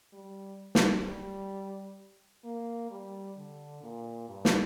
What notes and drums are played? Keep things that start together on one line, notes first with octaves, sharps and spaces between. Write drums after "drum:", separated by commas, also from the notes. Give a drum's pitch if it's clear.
G3
drum: snare
G3
A#3
G3
D3
A#2
G2
drum: snare